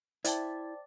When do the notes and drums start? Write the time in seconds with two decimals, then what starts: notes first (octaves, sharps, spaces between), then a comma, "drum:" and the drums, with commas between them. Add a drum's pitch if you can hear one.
0.24 E4 C5 D5 G5 A5, drum: hi-hat